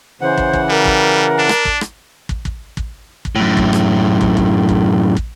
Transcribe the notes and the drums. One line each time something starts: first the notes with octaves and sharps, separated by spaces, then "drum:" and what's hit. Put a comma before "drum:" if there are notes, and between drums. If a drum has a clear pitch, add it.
C#3 E3 C5 F#5
drum: kick
drum: kick
G3 A#4
drum: kick
D4
drum: rim click
drum: kick
drum: rim click
drum: kick
drum: kick
drum: kick
drum: kick
F#2 A2
drum: kick
drum: rim click
drum: kick
drum: kick
drum: kick
drum: kick